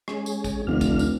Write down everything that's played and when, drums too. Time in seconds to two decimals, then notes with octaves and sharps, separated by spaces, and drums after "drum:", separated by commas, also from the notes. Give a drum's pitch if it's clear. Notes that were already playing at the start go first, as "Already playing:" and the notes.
0.08 G#3 C#4 G#4, drum: rim click
0.26 drum: tambourine
0.44 drum: kick A1, tambourine
0.67 F1 D2 D4 F6
0.81 drum: kick A1, tambourine
0.99 drum: tambourine